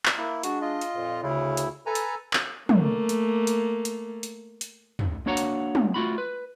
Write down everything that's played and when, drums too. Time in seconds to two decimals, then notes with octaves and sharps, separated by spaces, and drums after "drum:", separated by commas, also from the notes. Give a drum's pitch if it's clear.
0.06 drum: clap
0.18 A#3 E4
0.43 G#3 D4 F#4, drum: hi-hat
0.62 F4 D#5
0.81 drum: hi-hat
0.95 F2 A#2
1.23 D2 C#3 E4
1.57 drum: hi-hat
1.86 A4 B4 G#5 A#5
1.95 drum: hi-hat
2.33 drum: clap
2.69 A3 A#3, drum: tom
3.09 drum: hi-hat
3.47 drum: hi-hat
3.85 drum: hi-hat
4.23 drum: hi-hat
4.61 drum: hi-hat
4.99 drum: tom
5.26 A#3 D4 F#4 C#5 F#5 A#5
5.37 drum: hi-hat
5.75 drum: tom
5.94 A3 F4 F#4 B5
6.18 B4